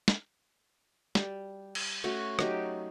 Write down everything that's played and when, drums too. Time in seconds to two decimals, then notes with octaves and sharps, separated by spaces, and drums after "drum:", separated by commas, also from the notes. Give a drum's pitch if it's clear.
0.08 drum: snare
1.15 G3, drum: snare
1.75 drum: cymbal
2.04 A3 C#4 F#4 C#5
2.39 F#3 D#4 G4, drum: rim click